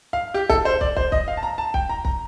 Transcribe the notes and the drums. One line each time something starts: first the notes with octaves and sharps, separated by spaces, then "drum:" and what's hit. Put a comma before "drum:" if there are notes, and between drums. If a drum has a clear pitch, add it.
F5
G4
A4, drum: kick
C5
D5, drum: kick
C5, drum: kick
D#5, drum: kick
F5
A5
A#5
A5
G5, drum: kick
A#5
A#5, drum: kick